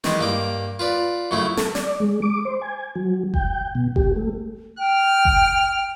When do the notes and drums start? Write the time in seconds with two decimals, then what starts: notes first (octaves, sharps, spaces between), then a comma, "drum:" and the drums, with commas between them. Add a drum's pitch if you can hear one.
0.04 D#3 E3 G#3, drum: snare
0.19 G2 A#3 D6
0.79 F4 B4 D5
1.31 F#2 C#3 A3 E4
1.57 A4, drum: snare
1.75 D5, drum: snare
2.00 G#3
2.22 D6
2.45 C5
2.62 G#5
2.95 F#3
3.34 G5, drum: kick F#1
3.75 B2
3.96 G4, drum: kick F#1
4.16 A3
4.79 G5 F6
5.25 drum: kick F#1